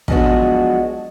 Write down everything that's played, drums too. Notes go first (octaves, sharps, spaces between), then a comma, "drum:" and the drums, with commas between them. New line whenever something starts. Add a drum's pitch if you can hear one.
F3 F#3 G#3 B3 D4 F#4, drum: kick